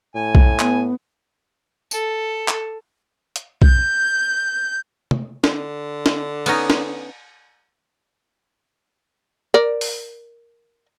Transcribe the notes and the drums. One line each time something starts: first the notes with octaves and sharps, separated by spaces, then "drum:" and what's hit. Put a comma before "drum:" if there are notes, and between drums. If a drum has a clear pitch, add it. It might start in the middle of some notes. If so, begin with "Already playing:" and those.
A2 G#5
drum: kick B1
B3, drum: clap
A4, drum: tambourine
drum: clap
drum: hi-hat
G6, drum: kick B1
drum: tom
D3, drum: snare
drum: snare
B3 C#4 D#4, drum: cymbal
drum: snare
A#4 D5
drum: open hi-hat